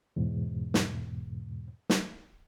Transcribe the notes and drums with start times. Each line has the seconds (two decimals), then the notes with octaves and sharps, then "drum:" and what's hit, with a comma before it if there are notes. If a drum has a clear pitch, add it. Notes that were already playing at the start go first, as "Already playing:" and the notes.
0.16 E2 G#2 B2
0.74 drum: snare
1.90 drum: snare